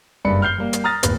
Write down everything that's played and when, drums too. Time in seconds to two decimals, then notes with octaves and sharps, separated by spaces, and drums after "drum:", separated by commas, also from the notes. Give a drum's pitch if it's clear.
0.25 F#1 G2 D5 B5 C#7
0.42 F6 G6 C7 G7
0.58 G3 A#3
0.73 drum: hi-hat
0.84 A#5 D#6 F6 A6 A#6
1.03 D1 D#2 B4, drum: hi-hat